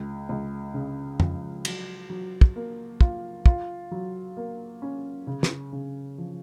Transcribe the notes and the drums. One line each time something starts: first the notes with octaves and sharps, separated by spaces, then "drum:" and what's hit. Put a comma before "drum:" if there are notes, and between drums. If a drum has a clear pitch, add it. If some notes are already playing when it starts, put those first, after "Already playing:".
Already playing: C#2
C#2
C#3
F3, drum: tom
F#3, drum: cymbal
F#3
drum: kick
A#3
F4, drum: kick
F4, drum: kick
F#3
A#3
C#4
C#3
drum: snare
C#3
F3